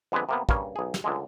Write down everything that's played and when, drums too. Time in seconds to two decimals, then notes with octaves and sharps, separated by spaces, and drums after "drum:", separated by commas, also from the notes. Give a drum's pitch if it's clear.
0.12 F2 D3 G#3 B3 B4
0.29 C3 A#3 B3
0.49 G2 C#3 A#3 C#4, drum: kick
0.76 B1 G#4
0.94 drum: snare
1.04 C#2 D3 G#3